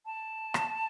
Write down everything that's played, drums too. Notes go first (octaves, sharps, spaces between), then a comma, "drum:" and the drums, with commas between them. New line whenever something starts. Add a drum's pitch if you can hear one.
A5
drum: rim click